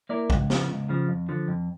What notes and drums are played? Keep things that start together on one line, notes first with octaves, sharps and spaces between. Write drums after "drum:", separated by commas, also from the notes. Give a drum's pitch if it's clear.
A#3 E4 A#4 D5
C#2, drum: kick
C#3 F3, drum: snare
C#2
C#3 F3
F2
D3 F3
F2